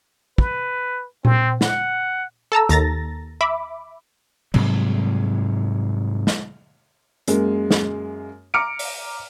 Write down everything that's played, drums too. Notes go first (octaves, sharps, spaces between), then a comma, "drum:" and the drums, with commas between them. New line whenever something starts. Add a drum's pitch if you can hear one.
B4, drum: kick
C4, drum: tom A#2
F#5, drum: snare
A4 A5 A#5 E6
D#2 A#5 A6 A#6, drum: hi-hat
E5 B5 D6
G#2 C3 F#3 G3, drum: cymbal
drum: snare
F#2 G#3 A#3, drum: hi-hat
drum: snare
A#5 D6 F6 C#7 D7
drum: open hi-hat